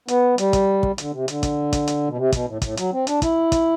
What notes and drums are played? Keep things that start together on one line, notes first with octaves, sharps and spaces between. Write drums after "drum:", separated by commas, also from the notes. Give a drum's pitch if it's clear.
B3, drum: hi-hat
G3, drum: hi-hat
drum: kick, hi-hat
drum: kick
D3, drum: hi-hat
C3
D3, drum: hi-hat
drum: kick, hi-hat
drum: kick, hi-hat
drum: hi-hat
B2
C3
B2, drum: kick, hi-hat
A2
A2, drum: kick, hi-hat
F#3, drum: hi-hat
C4
D4, drum: hi-hat
E4, drum: kick, hi-hat
drum: kick, hi-hat